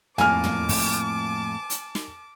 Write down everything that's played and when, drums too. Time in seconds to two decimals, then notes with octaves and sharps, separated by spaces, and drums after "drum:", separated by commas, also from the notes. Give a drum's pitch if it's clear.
0.18 F2 A2 A#3 G#5 A5 D6 F6, drum: tom
0.44 drum: tom
0.69 drum: kick, open hi-hat
1.70 drum: hi-hat
1.95 drum: snare